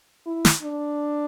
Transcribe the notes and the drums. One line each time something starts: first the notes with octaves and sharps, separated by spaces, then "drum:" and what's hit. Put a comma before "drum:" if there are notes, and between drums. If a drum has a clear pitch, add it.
E4
drum: snare
D4